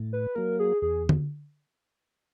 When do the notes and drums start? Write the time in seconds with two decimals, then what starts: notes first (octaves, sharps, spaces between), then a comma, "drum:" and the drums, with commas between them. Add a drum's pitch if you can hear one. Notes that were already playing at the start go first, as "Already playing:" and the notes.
Already playing: A2
0.13 B4
0.35 F#3 A#3 A#4
0.59 G#4
0.82 E2 G#4
1.09 drum: tom D3